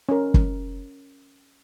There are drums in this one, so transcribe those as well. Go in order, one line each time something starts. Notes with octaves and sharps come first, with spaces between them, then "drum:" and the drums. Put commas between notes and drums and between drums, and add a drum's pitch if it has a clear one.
C#4 A#4
drum: kick